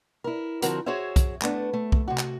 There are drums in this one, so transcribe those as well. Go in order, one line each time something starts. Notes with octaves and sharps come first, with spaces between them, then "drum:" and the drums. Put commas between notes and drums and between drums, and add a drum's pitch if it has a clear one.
E4 A#4
D3 F3 C4 F#4 A#4, drum: hi-hat
F#4 G#4 C5 C#5 E5
drum: kick, hi-hat
A3 B3 D4, drum: clap
A3
drum: kick
C3 F#4
drum: clap